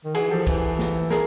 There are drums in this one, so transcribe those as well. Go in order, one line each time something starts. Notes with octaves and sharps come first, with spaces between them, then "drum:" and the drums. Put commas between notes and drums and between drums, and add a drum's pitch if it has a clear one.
D#3
E3 F#4 G#4, drum: cymbal
F3 G4 A4
E3, drum: kick, cymbal
drum: snare
G#4 A#4, drum: snare